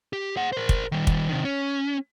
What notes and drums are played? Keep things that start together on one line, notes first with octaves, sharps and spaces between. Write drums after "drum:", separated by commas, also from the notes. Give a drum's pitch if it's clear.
G4
G#4 F#5
A#4 C5
drum: kick
D#3 G3
drum: kick
C3 D#3
C#4